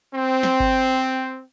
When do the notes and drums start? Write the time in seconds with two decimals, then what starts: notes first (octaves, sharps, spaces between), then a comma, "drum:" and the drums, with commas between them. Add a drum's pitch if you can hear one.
0.13 C4
0.43 drum: snare
0.60 drum: kick G1